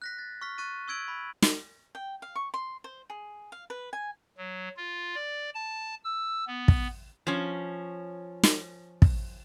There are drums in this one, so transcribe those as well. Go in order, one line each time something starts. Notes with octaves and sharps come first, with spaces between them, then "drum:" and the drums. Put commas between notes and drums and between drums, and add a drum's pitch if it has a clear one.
F#6 A#6 B6
A6
C#6 F6 B6
C#6 F#6 A6 D#7
C#6 E6 G#6 D7 F#7
B5
drum: snare
G5
F5
C#6
C6
C5
G#4
F5
B4
G#5
F#3
F4
D5
A5
E6
B3
drum: kick
F3 C#4
drum: snare
drum: kick